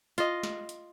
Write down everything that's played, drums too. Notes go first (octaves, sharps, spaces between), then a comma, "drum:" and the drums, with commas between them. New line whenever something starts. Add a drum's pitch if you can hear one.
F4 D#5, drum: hi-hat
drum: snare
drum: hi-hat